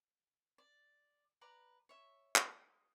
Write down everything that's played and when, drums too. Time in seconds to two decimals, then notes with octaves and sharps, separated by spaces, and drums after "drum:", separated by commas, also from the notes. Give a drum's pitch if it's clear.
0.58 D5
1.41 B4 D5 A#5
1.89 C#5 E5
2.36 drum: clap
2.51 D#6